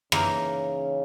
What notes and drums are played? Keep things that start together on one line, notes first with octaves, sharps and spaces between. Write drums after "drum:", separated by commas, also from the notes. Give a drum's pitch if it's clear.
C#3 E3 A#3 D#4 A#4, drum: rim click